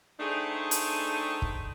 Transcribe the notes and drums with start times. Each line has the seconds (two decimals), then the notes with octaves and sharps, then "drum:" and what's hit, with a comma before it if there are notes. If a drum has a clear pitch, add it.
0.20 A3 C4 D4 D#4 G#4
0.71 drum: hi-hat
1.42 drum: kick